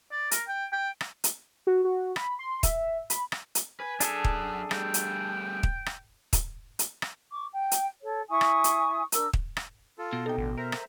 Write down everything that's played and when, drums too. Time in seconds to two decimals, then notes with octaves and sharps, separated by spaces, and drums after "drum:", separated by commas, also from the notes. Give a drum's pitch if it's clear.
0.12 D5
0.31 A#4, drum: hi-hat
0.48 G5
0.72 G5
1.01 drum: rim click
1.24 drum: hi-hat
1.67 F#4
1.84 F#4
2.16 B5, drum: rim click
2.39 C6
2.63 E5, drum: kick, hi-hat
3.10 B5, drum: hi-hat
3.32 drum: rim click
3.55 drum: hi-hat
3.80 B4 G#5
4.00 F#2 D4 G#4 A4 E5, drum: hi-hat
4.24 drum: kick
4.71 G3 A3 G5, drum: rim click
4.94 drum: hi-hat
5.63 drum: kick
5.86 drum: rim click
6.33 drum: kick, hi-hat
6.79 drum: hi-hat
7.02 drum: rim click
7.31 C#6 D6
7.52 G5
7.71 drum: hi-hat
8.01 A4 C#5
8.28 E4 G#5 C#6 D#6
8.41 drum: rim click
8.64 drum: hi-hat
9.12 D4 A#4 E6, drum: hi-hat
9.33 drum: kick
9.57 drum: rim click
9.98 F4 A4
10.13 B2
10.26 C3 D#4 A4 G5
10.38 A1 D3
10.57 A#4 C5 E5 A#5
10.72 drum: rim click